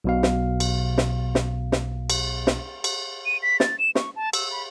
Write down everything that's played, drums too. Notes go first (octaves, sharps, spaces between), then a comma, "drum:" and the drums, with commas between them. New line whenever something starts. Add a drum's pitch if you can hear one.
B1 B2 F5
drum: snare
drum: cymbal
drum: snare
drum: snare
drum: snare
drum: cymbal
drum: snare
drum: cymbal
D#7
B6
A6, drum: snare
E7
C#6, drum: snare
A5
E6, drum: cymbal
B5